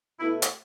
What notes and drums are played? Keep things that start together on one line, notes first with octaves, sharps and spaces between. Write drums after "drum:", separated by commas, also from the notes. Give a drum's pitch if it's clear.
B2 A3 E4
drum: hi-hat